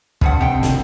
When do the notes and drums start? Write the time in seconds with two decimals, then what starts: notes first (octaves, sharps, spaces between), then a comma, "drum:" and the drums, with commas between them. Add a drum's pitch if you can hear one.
0.21 G2 F3 F#5, drum: kick
0.41 F2 C3 G5
0.63 drum: snare